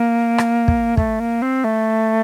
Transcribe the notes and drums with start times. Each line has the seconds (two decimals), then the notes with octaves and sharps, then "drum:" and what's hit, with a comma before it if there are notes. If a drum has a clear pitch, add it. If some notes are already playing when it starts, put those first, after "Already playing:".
Already playing: A#3
0.38 drum: rim click
0.68 drum: kick
0.97 A3, drum: kick
1.20 A#3
1.42 C4
1.64 A3